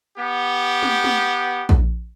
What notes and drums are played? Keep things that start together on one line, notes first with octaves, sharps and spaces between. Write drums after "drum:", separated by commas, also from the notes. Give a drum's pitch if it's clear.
B3 G4
drum: snare
drum: snare
drum: kick A#1